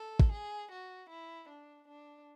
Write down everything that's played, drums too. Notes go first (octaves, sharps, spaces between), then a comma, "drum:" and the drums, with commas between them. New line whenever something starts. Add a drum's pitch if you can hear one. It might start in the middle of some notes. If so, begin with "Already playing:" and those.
Already playing: A4
drum: kick
G#4
F#4
E4
D4
D4